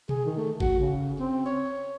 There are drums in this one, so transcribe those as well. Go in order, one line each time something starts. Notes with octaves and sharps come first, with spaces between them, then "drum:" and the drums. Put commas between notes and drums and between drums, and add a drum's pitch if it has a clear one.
G#4, drum: tom B2
D#3
A3
F#4, drum: kick G1
C#3
C4
C#5